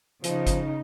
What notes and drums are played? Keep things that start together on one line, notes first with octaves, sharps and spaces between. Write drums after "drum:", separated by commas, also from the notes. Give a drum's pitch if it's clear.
C#3 F3 D#4, drum: hi-hat
drum: kick G1, hi-hat